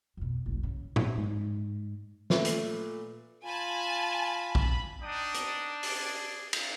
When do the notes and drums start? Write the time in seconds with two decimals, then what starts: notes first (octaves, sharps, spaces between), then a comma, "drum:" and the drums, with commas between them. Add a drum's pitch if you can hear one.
0.17 F2 B2
0.46 F#1 C2
0.63 C#3
0.96 drum: tom A2
1.18 G#2
2.30 A#2 A3 B4, drum: snare
2.45 drum: hi-hat
3.44 F4 G#5 A5 B5
4.55 drum: kick
5.02 D4 D#4 G5 D#6
5.34 drum: hi-hat
5.83 G#4 D5, drum: open hi-hat
6.53 drum: cymbal